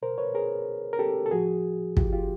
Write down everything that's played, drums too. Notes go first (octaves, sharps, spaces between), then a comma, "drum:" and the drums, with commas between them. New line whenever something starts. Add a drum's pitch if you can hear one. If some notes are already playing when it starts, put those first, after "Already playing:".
B2 A#4 C5
B4 C#5
G#4 A#4
A#4
G4 A4
A4
A2 F3 F#4 G#4
F4 G4, drum: kick
F4 G4